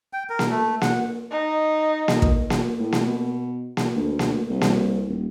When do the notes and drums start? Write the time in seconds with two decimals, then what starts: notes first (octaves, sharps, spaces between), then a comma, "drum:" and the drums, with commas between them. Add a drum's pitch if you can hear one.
0.13 G5
0.30 A#4
0.39 drum: snare A#3
0.50 A3
0.81 F#5, drum: snare A#3
1.31 D#4
2.08 drum: snare A#3
2.22 drum: kick
2.50 drum: snare A#3
2.80 A2
2.92 drum: snare A#3
3.07 B2
3.77 drum: snare A#3
3.96 D2
4.19 drum: snare A#3
4.50 C2
4.61 drum: snare A#3
5.08 D#1